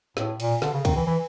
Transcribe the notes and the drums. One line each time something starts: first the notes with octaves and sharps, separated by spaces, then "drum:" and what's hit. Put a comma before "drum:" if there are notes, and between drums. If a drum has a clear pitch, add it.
A2, drum: snare
A#2, drum: cymbal
D3, drum: snare
C#3
D#3, drum: kick C#2, cymbal
E3
E3